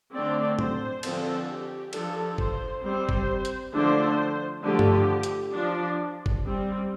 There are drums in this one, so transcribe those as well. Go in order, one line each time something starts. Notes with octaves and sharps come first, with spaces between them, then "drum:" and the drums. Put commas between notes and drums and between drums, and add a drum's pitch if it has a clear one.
D3 A3 C4 D5
C5, drum: tom A2
D3 F3 C4 A4, drum: cymbal
G4
F3 D4 A4, drum: cymbal
C5, drum: kick F#1
G3 C4 C5
drum: kick F#1
drum: hi-hat
D3 F3 A3 D4 C5
D3 F3 A3 G4
drum: tom G2
drum: hi-hat
F3 D4
drum: kick F#1
G3 C4